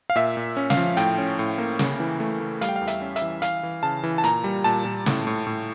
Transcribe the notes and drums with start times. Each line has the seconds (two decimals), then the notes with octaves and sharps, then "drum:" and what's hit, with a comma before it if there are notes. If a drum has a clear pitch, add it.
0.10 F5
0.16 A#2 E5
0.37 A#2
0.57 C#4
0.70 F5, drum: snare
0.77 F3
0.97 A2 G5, drum: hi-hat
1.18 C#4
1.39 A2
1.58 A#3
1.79 C#3, drum: snare
2.00 E3
2.20 A3
2.40 A3
2.61 G3 F5, drum: hi-hat
2.69 G5
2.76 F5
2.81 E2
2.87 E5, drum: hi-hat
3.02 C#4
3.16 E5, drum: hi-hat
3.22 E3
3.42 E3 F5, drum: hi-hat
3.63 E3
3.83 C#3 A5
4.03 E3
4.18 A5
4.24 A#2 A#5, drum: hi-hat
4.44 G3
4.64 A#2 A5
4.85 A#2
5.06 A2, drum: snare
5.27 A2
5.47 A2